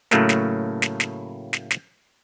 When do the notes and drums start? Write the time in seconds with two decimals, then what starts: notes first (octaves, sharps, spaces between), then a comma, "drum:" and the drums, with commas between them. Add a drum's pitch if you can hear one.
0.11 A2 C#3 F#3 A3 A#3, drum: snare
0.29 drum: snare
0.82 drum: snare
1.00 drum: snare
1.53 drum: snare
1.71 drum: snare